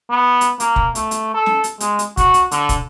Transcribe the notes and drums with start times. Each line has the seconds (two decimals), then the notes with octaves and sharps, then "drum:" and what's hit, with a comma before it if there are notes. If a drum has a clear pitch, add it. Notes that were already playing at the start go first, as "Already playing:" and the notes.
0.10 B3
0.41 drum: hi-hat
0.60 A#3, drum: hi-hat
0.76 drum: kick
0.95 A3, drum: hi-hat
1.11 drum: hi-hat
1.34 A4
1.46 drum: snare
1.64 drum: hi-hat
1.80 G#3, drum: hi-hat
1.99 drum: hi-hat
2.17 F#4, drum: kick, hi-hat
2.34 drum: hi-hat
2.51 D3, drum: hi-hat
2.69 drum: kick, hi-hat